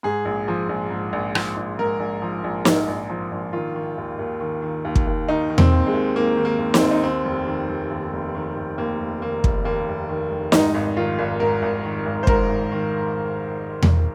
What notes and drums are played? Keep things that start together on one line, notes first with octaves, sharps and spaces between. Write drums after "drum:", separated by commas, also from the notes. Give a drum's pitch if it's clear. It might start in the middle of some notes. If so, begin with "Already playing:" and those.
G#2 G#4
A#1
F3
A#1
G#2
A#1
F3, drum: rim click
A#1
G#2 A#4
A#1
F3
A#1
G#2, drum: snare
A#1
F3
A#1
D#3 F4
D#3
D#2
D#2
D#3
D#3
D#2
drum: kick
D#2
D#3 D#4
D#3
C4, drum: tom E2
D#2
G#3
D#2
D#3 A#3
D#3
A#3
D#2
C4, drum: snare
D#2
D#4
D#2 C4
F1
D#3
F1
D#2
F1
D#3
F1
D#2 A#3
F1
D#3 A#3
F1, drum: kick
D#2 A#3
F1
D#3
F1
G#2 D#4, drum: snare
G#1
D#3 F4
G#1
G#2 A#4
G#1
D#3
G#1
C5
G#2 A#4, drum: kick
G#1
D#3
drum: tom E2